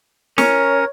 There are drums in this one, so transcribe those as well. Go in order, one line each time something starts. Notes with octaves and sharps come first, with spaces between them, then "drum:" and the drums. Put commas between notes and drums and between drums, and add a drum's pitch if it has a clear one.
C#4 A#4 C#5, drum: snare